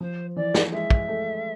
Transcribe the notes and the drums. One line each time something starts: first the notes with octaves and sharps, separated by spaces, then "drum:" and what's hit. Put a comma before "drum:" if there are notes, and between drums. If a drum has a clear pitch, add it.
F3 C5
E3 D5
drum: snare
G#3 E5
drum: kick
A3